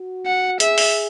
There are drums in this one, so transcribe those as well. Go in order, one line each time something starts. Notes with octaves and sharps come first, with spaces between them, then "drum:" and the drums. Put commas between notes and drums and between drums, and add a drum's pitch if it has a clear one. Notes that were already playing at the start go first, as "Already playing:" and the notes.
Already playing: F#4
F#5
G#4 E5, drum: hi-hat
drum: open hi-hat